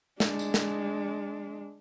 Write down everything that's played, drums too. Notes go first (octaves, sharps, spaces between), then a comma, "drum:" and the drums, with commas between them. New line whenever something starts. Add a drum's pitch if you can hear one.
G#3 D4, drum: snare
drum: tambourine
drum: snare